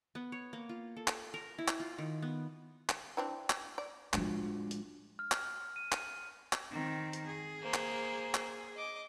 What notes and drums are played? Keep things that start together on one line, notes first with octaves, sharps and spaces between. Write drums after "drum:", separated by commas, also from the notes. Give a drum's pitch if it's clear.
B3
C#5
A#3
F4
A4
drum: clap
A#4
E4
drum: clap
F4
D#3
B3
drum: clap
E3 C4 D4
drum: clap
D5
A2 F3 G#3 D4 F#4, drum: clap
drum: hi-hat
F6
drum: clap
D#7
drum: clap
drum: clap
D#3 C4
drum: hi-hat
G#4
A#3 C5
drum: clap
drum: clap
D#5 D6